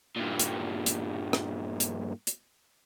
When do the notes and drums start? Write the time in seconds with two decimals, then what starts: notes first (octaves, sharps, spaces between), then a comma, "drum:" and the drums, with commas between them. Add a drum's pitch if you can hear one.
0.16 G2 A#2
0.39 drum: hi-hat
0.86 drum: hi-hat
1.33 drum: rim click
1.80 drum: hi-hat
2.27 drum: hi-hat